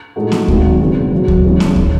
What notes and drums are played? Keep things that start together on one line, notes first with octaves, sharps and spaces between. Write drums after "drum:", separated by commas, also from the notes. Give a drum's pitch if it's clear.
A2 G#3 D#4 F#4 A4
drum: snare B3
G#1 G#2 D#3 F#3, drum: kick D2
E1 E2 C#3 F#3 C4
F#2 C#3 F#3
drum: kick D2
E2 C#3 E3 G#3 C#4
drum: snare B3
D#3, drum: kick D2